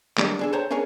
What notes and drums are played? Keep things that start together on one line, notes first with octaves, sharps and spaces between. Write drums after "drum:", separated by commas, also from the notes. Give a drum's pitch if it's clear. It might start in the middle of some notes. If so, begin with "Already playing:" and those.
D#3 F#3 G3 A#3 D4 D#4, drum: clap
D4 G#4 A4
C5 C#5 G5 A5 A#5
C#4 D4 G#4 A#4 C#5